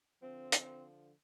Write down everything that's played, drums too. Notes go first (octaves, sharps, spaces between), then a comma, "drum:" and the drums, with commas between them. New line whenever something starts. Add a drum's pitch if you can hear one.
D3 F3 C4
drum: hi-hat